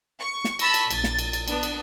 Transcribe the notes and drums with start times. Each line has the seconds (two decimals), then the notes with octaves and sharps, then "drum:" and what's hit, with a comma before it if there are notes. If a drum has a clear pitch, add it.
0.19 C#6
0.44 drum: snare
0.59 A5 B5 C#6 E6 A#6, drum: cymbal
0.74 drum: cymbal
0.90 A#1 A6, drum: cymbal
1.04 drum: snare
1.19 drum: cymbal
1.33 drum: cymbal
1.48 B3 D4, drum: cymbal
1.63 drum: cymbal